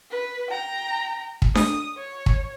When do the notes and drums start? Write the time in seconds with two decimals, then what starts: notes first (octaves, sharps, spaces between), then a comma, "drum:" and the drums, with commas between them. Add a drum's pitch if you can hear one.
0.11 B4
0.50 G5 A#5
1.42 drum: kick
1.55 D#6, drum: snare D4
1.97 C#5
2.26 drum: kick